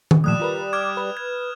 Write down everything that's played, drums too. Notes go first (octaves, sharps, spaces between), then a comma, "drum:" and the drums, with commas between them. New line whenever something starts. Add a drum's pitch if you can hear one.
drum: tom D#3
A#2 F3 G3 A3 D#6 F#6 E7
F4 A#4 B4
D6 F6 G#6
B4
G#6